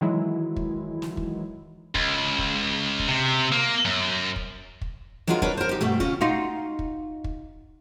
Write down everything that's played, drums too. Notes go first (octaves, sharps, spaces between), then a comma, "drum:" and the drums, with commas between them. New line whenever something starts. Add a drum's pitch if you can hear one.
D#3 E3 F#3 G#3 E4
drum: kick
drum: snare
drum: kick
C#2, drum: kick
drum: kick
drum: kick
C3
A#3
F#2
drum: kick
drum: kick
F#3 G#3 B3 D4 F4 A#4
D4 A#4 B4 C#5, drum: kick
A#4 C5
D#4 G4
G2 B2 A3
C#3 C#4 F4, drum: kick
D#4 F4 F#4
drum: kick
drum: kick